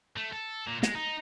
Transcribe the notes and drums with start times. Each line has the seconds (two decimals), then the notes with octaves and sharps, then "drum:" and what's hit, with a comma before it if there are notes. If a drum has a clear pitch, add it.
0.16 A3
0.33 A4
0.68 A#2
0.83 G#3, drum: snare
0.95 D#4